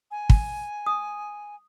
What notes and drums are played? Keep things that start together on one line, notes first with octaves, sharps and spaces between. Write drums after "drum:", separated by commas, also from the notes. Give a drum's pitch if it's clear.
G#5
drum: kick
D#6